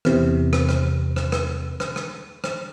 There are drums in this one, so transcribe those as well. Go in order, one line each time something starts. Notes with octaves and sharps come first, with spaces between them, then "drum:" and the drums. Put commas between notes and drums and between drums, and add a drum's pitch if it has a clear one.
E2 C3, drum: rim click
drum: rim click
drum: rim click
drum: rim click
drum: rim click
drum: rim click
drum: rim click
drum: rim click